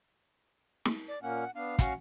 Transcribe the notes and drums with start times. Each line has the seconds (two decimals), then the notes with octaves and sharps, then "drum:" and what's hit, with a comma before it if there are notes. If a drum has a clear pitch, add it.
0.85 drum: snare
1.08 D5
1.22 A#2 A#3 C#4 F#5
1.55 B3 D4 F5
1.79 C#4 F#4 F#5, drum: kick, hi-hat